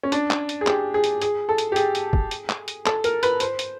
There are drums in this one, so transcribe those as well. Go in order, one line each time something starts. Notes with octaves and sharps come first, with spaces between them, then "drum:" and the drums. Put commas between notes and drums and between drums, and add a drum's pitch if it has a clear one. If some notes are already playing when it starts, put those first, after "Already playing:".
C#4
D4, drum: hi-hat
drum: clap
drum: hi-hat
G#4
G4, drum: clap
G#4
drum: hi-hat
G#4, drum: hi-hat
A4
drum: hi-hat
G4
G#4, drum: hi-hat
drum: hi-hat
drum: kick
drum: hi-hat
drum: clap
drum: hi-hat
A4, drum: clap
A#4, drum: hi-hat
B4, drum: hi-hat
C5, drum: hi-hat
drum: hi-hat